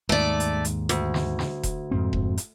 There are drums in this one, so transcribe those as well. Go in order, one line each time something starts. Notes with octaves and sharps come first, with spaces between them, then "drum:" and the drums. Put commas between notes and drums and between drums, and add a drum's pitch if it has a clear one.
D#2 G#2 A3 D5
drum: hi-hat
drum: hi-hat
D2, drum: hi-hat
drum: snare
drum: snare
drum: kick E1, hi-hat
F2 G#2 C4
drum: kick E1
drum: hi-hat